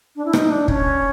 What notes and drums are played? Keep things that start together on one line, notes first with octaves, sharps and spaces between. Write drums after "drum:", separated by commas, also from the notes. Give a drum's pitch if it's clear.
D4
E4
D#4, drum: rim click
D4
C#4, drum: kick